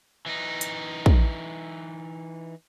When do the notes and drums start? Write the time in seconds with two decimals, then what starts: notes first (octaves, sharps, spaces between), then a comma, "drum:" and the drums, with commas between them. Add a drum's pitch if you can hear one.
0.26 E3 D#4
0.61 drum: hi-hat
1.06 drum: kick